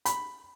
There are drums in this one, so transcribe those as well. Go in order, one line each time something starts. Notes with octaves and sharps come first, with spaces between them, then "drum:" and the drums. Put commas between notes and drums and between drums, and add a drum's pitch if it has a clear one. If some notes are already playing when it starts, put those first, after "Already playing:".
B5, drum: hi-hat